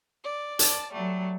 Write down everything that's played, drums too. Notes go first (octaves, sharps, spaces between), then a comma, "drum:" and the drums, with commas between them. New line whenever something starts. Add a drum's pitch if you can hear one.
D5
D5 A5, drum: hi-hat
F#3 G3 A3